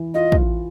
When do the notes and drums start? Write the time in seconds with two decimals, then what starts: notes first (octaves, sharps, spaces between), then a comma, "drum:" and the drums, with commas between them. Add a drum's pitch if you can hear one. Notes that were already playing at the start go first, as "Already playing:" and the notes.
Already playing: E3
0.14 F4 D#5
0.32 drum: kick